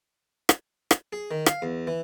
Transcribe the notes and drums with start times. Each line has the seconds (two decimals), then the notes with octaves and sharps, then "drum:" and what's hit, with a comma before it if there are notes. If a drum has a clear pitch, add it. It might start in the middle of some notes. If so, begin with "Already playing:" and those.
0.49 drum: rim click
0.91 drum: rim click
1.13 G#4
1.31 D#3
1.46 F5, drum: rim click
1.62 E2
1.87 E3